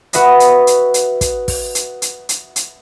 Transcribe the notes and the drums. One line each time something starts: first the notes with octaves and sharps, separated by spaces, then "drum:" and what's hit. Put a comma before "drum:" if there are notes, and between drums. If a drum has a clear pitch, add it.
F#4 B4 E5 D#6 A#6, drum: hi-hat
drum: hi-hat
drum: hi-hat
drum: hi-hat
drum: kick, hi-hat
drum: kick, open hi-hat
drum: hi-hat
drum: hi-hat
drum: hi-hat
drum: hi-hat